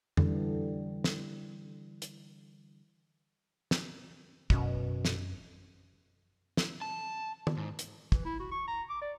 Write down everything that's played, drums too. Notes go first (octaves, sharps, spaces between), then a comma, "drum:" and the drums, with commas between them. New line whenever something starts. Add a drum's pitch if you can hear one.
D3 E3 G3, drum: tom F2
drum: snare
drum: hi-hat
drum: snare
F#2 B2 C#4, drum: kick
drum: snare
drum: snare
A5
drum: tom
G#2
drum: hi-hat
E3, drum: kick
E4
F#4
C#6
A#5
D6
D5